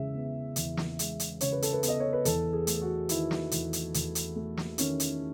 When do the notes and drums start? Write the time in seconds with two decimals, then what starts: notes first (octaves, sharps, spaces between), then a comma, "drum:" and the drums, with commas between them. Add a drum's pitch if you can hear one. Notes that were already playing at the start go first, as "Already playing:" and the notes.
Already playing: E2 C#3 G#3 E5
0.15 B3
0.56 E2, drum: hi-hat
0.77 drum: snare
0.99 G#3, drum: hi-hat
1.20 drum: hi-hat
1.41 C#3 C#5, drum: hi-hat
1.52 B4
1.62 A4, drum: hi-hat
1.73 B4
1.83 B3, drum: hi-hat
1.88 D#5
2.00 C#5
2.13 B4
2.25 E2 A4, drum: hi-hat
2.53 G#4
2.67 A3, drum: hi-hat
2.75 G#4
2.82 F#4
3.09 D#3 E4, drum: hi-hat
3.31 drum: snare
3.51 E2, drum: hi-hat
3.73 drum: hi-hat
3.94 E2, drum: hi-hat
4.15 drum: hi-hat
4.36 A3
4.57 drum: snare
4.78 D#3 C#4, drum: hi-hat
5.00 drum: hi-hat